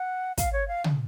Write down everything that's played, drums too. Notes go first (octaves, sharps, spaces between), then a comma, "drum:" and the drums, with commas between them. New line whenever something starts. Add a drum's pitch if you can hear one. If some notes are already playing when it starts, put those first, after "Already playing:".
Already playing: F#5
F5, drum: kick, hi-hat
C#5
F5
drum: tom